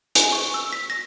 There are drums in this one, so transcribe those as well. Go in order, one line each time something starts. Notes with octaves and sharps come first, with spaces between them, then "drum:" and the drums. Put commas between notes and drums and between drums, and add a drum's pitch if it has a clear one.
G#5, drum: hi-hat
C#6
E6
B6
A#6